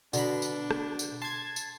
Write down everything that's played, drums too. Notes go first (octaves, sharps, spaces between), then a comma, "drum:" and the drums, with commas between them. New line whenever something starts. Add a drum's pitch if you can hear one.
B2 D3 D4 A#5 B5, drum: tambourine
drum: tambourine
drum: rim click
drum: tambourine
A5 C6 G#6
drum: tambourine